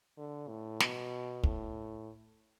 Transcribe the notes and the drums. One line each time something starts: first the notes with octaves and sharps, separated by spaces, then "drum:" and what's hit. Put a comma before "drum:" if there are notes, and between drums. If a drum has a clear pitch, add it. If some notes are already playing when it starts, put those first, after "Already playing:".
D3
A2
B2, drum: snare
A2, drum: kick